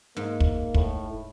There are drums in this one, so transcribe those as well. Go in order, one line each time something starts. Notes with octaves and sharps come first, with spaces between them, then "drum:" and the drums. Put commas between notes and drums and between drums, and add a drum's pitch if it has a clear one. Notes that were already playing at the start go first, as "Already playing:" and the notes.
G#2 A#3
drum: kick
A2, drum: kick